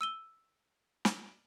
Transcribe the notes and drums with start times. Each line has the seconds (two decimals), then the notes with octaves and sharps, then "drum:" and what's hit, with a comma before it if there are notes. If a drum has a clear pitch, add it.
0.01 E6 D#7 G7
1.05 drum: snare